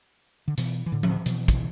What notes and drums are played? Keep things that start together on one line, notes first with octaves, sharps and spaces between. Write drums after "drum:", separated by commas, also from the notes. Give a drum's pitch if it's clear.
D3
B2 E3, drum: hi-hat
E3
A2 D3
drum: tom F3
B2 E3, drum: hi-hat
drum: kick, hi-hat